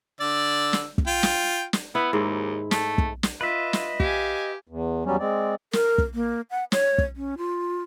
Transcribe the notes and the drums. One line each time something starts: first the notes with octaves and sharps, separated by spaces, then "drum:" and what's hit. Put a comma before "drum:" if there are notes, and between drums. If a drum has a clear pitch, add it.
D3 D5 E6
drum: snare
drum: kick
F4 G5
drum: snare
drum: snare
B3 E4
D#2 G#2
A3, drum: snare
drum: kick
drum: snare
F4 B4 D#5 E5
drum: snare
G4 F5 G#5, drum: kick
E2
E2 F#3 G3 C#4
G#3 C4 D5
A#4, drum: snare
drum: kick
A#3
F#5
C#5, drum: snare
drum: kick
C#4
F4